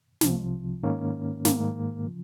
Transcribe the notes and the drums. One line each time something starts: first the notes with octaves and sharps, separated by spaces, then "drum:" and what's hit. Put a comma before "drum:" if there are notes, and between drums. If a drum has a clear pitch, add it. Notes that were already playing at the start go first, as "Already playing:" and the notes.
C2 C3 F3, drum: snare
G#2 D#3 A#3 C#4
G#2 D#3 A#3, drum: snare
C#3 F3